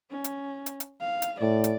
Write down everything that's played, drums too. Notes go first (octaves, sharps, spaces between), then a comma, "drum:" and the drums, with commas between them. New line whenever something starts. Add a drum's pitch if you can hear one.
C#4
drum: hi-hat
drum: hi-hat
drum: hi-hat
F5
drum: hi-hat
A2 D5
drum: hi-hat